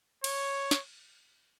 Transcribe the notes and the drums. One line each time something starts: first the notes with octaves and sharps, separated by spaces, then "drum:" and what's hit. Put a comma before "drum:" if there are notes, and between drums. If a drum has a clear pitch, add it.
C#5, drum: cymbal
drum: snare